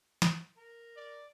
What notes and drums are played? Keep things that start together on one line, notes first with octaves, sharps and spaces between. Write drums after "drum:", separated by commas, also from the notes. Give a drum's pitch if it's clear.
drum: snare
A#4
D5